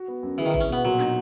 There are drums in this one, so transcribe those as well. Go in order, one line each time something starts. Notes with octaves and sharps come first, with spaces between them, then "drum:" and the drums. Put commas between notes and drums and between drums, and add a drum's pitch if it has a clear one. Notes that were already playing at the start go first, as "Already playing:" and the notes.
Already playing: F#4
B3
F#2
E3 G#4
D#3
E3
E4, drum: kick G#1
C#4
B2 B3
A#2 F#3
D#4, drum: snare